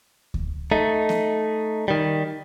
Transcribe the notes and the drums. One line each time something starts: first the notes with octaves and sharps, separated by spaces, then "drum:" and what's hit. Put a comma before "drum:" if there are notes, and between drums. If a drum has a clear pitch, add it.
drum: kick D2
A3 D#4
drum: snare B3
D#3 G3